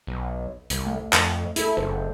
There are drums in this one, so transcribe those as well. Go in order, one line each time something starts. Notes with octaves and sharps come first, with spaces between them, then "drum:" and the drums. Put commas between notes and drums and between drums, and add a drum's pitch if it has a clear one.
B1
C2, drum: hi-hat
A3
F2, drum: clap
E4 G#4 A4, drum: hi-hat
F#1 C5